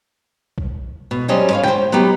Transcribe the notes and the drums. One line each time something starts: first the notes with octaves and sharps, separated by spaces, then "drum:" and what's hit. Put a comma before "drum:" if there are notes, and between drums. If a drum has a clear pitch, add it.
drum: kick A#1
B2
F#3 G3 C#4 C5 D#5
B4 C#5 F5
C5 G5, drum: snare
F#3 B3 D#4 G4 B4